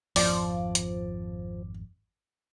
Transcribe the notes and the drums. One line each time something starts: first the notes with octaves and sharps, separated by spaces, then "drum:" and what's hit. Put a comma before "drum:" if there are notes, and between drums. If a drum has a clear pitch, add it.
G#1 F2 F3 D5, drum: open hi-hat
drum: hi-hat